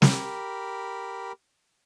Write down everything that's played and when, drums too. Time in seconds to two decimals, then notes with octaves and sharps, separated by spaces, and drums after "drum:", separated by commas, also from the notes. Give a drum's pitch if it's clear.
0.02 G4 A#4 B5, drum: snare